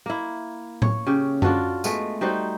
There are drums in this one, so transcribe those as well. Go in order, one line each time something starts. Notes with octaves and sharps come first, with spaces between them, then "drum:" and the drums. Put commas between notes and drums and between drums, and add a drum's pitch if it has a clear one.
A#3 E4
C#5, drum: tom A2
C#3 G4
D4 F4 F#4 A4, drum: tom F#2
G#3 A3 B3, drum: tambourine
G3 D#4 F#4 C5